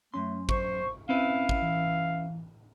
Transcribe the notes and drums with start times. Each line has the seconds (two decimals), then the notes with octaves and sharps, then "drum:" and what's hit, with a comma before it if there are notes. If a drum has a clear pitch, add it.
0.14 F#2 A3 C#4 C6
0.49 C5 C#6, drum: kick
1.09 C4 C#4 E4 B4 F5
1.49 drum: kick
1.62 E3